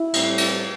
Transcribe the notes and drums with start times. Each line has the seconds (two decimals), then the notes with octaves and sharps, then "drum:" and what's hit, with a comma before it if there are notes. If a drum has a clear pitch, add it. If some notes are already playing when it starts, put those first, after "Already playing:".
Already playing: E4
0.14 A2 G3 C4, drum: cymbal
0.38 drum: cymbal